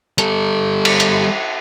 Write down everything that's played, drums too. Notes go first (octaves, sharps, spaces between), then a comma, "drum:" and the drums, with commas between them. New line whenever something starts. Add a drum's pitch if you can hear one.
G3 A4, drum: hi-hat
drum: cymbal
drum: hi-hat